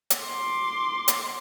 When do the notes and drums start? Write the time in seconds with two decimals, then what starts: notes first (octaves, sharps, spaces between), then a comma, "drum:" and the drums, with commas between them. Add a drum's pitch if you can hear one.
0.10 drum: hi-hat
0.25 C6 D6
1.08 drum: hi-hat